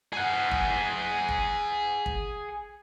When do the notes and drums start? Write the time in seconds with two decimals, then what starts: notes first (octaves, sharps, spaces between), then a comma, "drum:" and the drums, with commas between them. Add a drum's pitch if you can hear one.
0.13 G#4 F#5
0.51 drum: kick
1.29 drum: kick
2.06 drum: kick